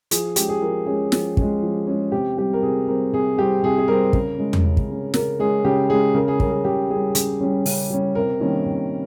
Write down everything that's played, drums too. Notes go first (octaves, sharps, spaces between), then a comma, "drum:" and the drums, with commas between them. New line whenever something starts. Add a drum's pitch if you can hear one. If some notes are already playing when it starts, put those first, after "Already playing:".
F3 G#4, drum: hi-hat
G#3 C#4 G4, drum: hi-hat
G#4
F3 A#4
G#3 C#4 G#4
F3, drum: snare
G#3 C#4, drum: kick
F3
G#3 C#4
C3 G4
G3 C4 G4
A#4
C3 G#4
G3 C4 A#4
C3 G#4
G3 C4 G4
C3 G#4
G#4
G3 C4 A#4
C#3, drum: kick
G#3 C#4
drum: tom E2
C#3
drum: kick
G#3 C#4
C#3 A#4, drum: snare
G#3 C#4 G#4
C#3 G4
G#3 C#4 G#4
C#3 A#4
G#4
G3 C#4 A#4, drum: kick
G#4
C#3 G4
G3 C#4 G#4
C#3, drum: hi-hat
G3 C#4
C#3, drum: open hi-hat
G3 C#4
C3 A#4
D#3 G3 A#3 C#4
C3